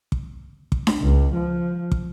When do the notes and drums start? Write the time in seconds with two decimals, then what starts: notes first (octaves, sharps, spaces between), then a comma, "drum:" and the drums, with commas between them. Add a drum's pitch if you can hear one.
0.12 drum: kick
0.72 drum: kick
0.87 drum: snare D4
1.02 C#2
1.35 F3
1.92 drum: kick